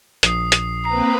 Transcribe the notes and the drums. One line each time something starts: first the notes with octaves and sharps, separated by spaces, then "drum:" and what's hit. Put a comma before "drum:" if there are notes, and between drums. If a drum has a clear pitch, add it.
A#1 D#6 C7, drum: hi-hat
drum: hi-hat
A#3 C4 B4 A#5 C7